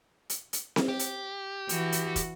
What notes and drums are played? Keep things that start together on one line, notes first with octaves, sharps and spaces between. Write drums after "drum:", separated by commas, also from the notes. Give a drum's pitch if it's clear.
drum: hi-hat
drum: hi-hat
drum: snare C4
G4
drum: hi-hat
E3 F#4, drum: hi-hat
drum: hi-hat
drum: kick, hi-hat